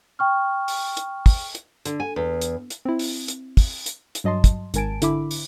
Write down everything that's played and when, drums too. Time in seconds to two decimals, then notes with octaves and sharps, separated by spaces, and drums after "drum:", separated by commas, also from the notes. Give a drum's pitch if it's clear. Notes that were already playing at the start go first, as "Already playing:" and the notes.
0.19 G5 C#6 F6
0.68 drum: open hi-hat
0.97 drum: hi-hat
1.26 drum: kick, open hi-hat
1.55 drum: hi-hat
1.85 D3, drum: hi-hat
2.00 G#5
2.16 E2
2.41 drum: hi-hat
2.70 drum: hi-hat
2.85 C4 E4
2.99 drum: open hi-hat
3.28 drum: hi-hat
3.57 drum: kick, open hi-hat
3.86 drum: hi-hat
4.15 drum: hi-hat
4.24 G2 F#3 D#5 A5 C6
4.44 drum: kick, hi-hat
4.74 G#1 G#2 A#4 G#5 A5 D7, drum: hi-hat
5.02 D3 E4 E5 B5 D6, drum: hi-hat
5.31 drum: open hi-hat